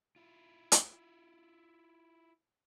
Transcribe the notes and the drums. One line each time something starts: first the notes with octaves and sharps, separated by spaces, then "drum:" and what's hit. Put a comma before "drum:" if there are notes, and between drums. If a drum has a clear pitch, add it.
E4 F4
drum: hi-hat